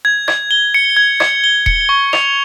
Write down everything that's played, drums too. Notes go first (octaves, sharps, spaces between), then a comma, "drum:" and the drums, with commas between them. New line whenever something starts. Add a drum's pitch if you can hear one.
G#6
G#6, drum: rim click
G7
C#7
G#6
G#6, drum: rim click
G7
C#7, drum: kick D#1
C#6
F7, drum: rim click